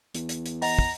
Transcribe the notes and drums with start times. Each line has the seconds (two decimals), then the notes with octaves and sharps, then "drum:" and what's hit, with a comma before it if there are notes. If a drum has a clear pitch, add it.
0.15 E2, drum: hi-hat
0.29 drum: hi-hat
0.46 drum: hi-hat
0.62 D#5 F#5 A#5, drum: open hi-hat
0.79 drum: kick